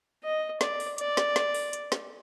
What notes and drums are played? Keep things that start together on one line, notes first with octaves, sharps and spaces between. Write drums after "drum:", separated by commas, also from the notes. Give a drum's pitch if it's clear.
D#5
D5, drum: snare
drum: open hi-hat
D5, drum: hi-hat
drum: snare
drum: snare
drum: open hi-hat
drum: hi-hat
drum: snare